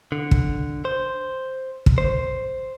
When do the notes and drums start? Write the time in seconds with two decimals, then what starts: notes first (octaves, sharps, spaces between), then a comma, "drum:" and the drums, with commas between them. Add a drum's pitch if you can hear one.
0.12 D3
0.31 drum: kick
0.85 C5
1.86 drum: kick
1.98 C5